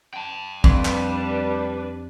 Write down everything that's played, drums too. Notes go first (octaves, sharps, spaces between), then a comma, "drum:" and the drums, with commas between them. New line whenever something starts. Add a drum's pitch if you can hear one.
G5 A5
F2 G3 D4 B4, drum: kick
drum: clap